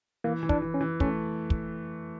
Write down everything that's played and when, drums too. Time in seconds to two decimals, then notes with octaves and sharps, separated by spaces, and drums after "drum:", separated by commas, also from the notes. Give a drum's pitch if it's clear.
0.24 E3 A#3
0.43 E3
0.49 D4, drum: kick
0.62 E3
0.74 C#4
0.81 E3
1.00 A3 C#4, drum: kick
1.50 drum: kick